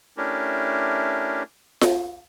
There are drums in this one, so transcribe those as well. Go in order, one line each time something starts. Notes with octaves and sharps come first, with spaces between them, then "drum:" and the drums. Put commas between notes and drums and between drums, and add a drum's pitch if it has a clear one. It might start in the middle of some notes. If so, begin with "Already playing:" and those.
A3 C#4 D4 E4 G4 A#4
drum: snare F4